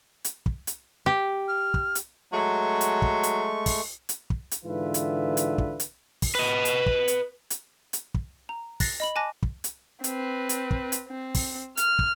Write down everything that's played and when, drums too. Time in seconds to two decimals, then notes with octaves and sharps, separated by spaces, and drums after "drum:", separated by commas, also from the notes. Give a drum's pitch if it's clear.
0.24 drum: hi-hat
0.46 drum: kick
0.67 drum: hi-hat
1.06 G4
1.48 F6
1.74 drum: kick
1.95 drum: hi-hat
2.33 F#3 G#3 A3 C#6
2.81 drum: hi-hat
3.02 drum: kick
3.23 drum: hi-hat
3.66 drum: kick, open hi-hat
4.09 drum: hi-hat
4.30 drum: kick
4.51 drum: hi-hat
4.65 G#2 D3 E3 F4 B4 E5
4.94 drum: hi-hat
5.37 drum: hi-hat
5.58 drum: kick
5.80 drum: hi-hat
6.22 drum: kick, open hi-hat
6.35 B4 D#5
6.65 drum: hi-hat
6.86 drum: kick
7.08 drum: hi-hat
7.50 drum: hi-hat
7.93 drum: hi-hat
8.14 drum: kick
8.49 A#5
8.80 F#6 A6 A#6 C7, drum: kick, open hi-hat
9.00 D#5 B5 F#7
9.16 G#5 A5 D6 F#6 A#6
9.43 drum: kick
9.64 drum: hi-hat
10.04 C4 B4, drum: hi-hat
10.49 drum: hi-hat
10.71 drum: kick
10.92 drum: hi-hat
11.09 C4
11.35 drum: kick, open hi-hat
11.77 F6, drum: hi-hat
11.99 drum: kick